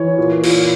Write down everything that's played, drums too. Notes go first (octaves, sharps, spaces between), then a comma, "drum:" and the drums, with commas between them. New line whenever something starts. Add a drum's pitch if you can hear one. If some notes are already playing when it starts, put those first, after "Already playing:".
Already playing: E3 C#5
A#2
A#2, drum: cymbal